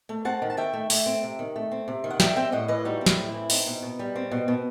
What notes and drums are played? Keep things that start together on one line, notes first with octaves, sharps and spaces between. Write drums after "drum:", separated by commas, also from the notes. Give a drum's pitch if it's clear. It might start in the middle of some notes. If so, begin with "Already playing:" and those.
A3
C4 F#5 A5
D#3
A5
D#3 E5 G5
A3
A3, drum: open hi-hat
C4
C3
D#3
A3
C4
C3
D#3
F#5
G3 E5 G5, drum: snare
C4 E5 G5
A2 D#5 F#5
E3 B4 D#5
G3 D#4 F#4
C4
E4, drum: snare
A2
E4
E3
C4 D#4, drum: open hi-hat
B2
B2
G3
C4
B2
B2